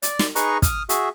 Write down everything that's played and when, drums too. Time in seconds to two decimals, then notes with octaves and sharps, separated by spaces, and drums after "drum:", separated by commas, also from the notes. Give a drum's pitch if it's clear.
0.03 D5, drum: hi-hat
0.19 drum: snare
0.36 D#4 G#4 B4 D#5 A#5 C#6, drum: hi-hat
0.62 D#6 F6, drum: kick, hi-hat
0.89 F#4 G#4 E5, drum: hi-hat